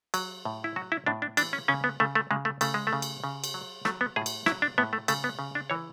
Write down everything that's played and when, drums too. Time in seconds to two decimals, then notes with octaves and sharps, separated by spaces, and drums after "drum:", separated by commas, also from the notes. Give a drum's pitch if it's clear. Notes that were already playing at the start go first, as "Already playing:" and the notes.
0.14 F#3, drum: cymbal
0.45 A2
0.64 E4
0.76 F#3 F#4
0.92 E4
1.06 A2 D4
1.22 D4
1.37 E3 D4, drum: cymbal
1.53 C#4
1.68 C#3 C#4
1.84 B3
2.00 C#3 A3
2.15 A3
2.31 C#3 G#3
2.45 A3
2.61 C#3 A3, drum: cymbal
2.74 G#3
2.87 A3
2.93 C#3
3.02 drum: cymbal
3.24 C#3
3.44 drum: cymbal
3.54 F#3
3.85 F#3 A3, drum: rim click
4.01 B3
4.16 A2 G#4
4.26 drum: cymbal
4.46 F#3 E4, drum: rim click
4.62 D4
4.78 A2 B3
4.93 A3
5.08 C#3 A3, drum: cymbal
5.24 B3
5.39 C#3
5.55 D4
5.70 E3 C#5